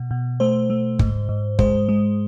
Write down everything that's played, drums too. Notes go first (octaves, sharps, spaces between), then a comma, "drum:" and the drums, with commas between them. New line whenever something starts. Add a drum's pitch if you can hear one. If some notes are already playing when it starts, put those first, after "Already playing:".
Already playing: B2
B2
A3 C5
A3
G#2, drum: kick
G#2
G#3 C5, drum: kick
G#3